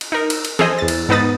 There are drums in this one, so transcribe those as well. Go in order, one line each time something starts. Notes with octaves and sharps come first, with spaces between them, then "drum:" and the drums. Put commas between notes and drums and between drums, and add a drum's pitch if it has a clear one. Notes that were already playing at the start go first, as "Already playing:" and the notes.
drum: cymbal
D#4 A#4
drum: cymbal
drum: cymbal
G#4 A4 C5 D#5, drum: snare
E2 A6
drum: cymbal
G#2 B3 D#4 B4 D#6 A6